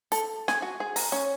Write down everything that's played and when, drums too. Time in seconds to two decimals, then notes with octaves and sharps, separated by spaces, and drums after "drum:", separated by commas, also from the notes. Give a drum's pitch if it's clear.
0.12 A4, drum: hi-hat
0.48 G#5, drum: snare
0.62 F#4
0.80 G#4
0.96 A#5, drum: open hi-hat
1.12 C#4